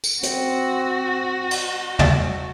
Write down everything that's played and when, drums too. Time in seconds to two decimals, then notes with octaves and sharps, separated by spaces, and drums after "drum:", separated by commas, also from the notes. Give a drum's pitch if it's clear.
0.04 drum: tambourine
0.23 C4 F#4, drum: hi-hat
1.51 drum: cymbal
1.99 drum: tom